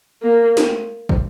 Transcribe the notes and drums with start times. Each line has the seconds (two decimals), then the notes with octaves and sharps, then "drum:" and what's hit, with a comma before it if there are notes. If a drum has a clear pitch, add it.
0.22 A#3
0.57 drum: snare
1.09 drum: kick